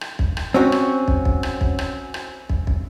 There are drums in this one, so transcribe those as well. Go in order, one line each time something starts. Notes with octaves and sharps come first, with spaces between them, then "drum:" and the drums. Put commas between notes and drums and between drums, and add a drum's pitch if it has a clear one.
drum: rim click
drum: kick
drum: rim click
C4 C#4 F#4
drum: rim click
drum: kick
drum: kick
drum: rim click
drum: kick
drum: rim click
drum: rim click
drum: kick
drum: kick